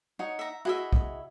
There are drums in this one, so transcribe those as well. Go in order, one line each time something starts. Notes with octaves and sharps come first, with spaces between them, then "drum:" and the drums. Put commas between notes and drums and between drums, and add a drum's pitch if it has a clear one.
D#4 C#5 F#5
E5 A#5
E4 F#4 G#4 D#5 E5
drum: kick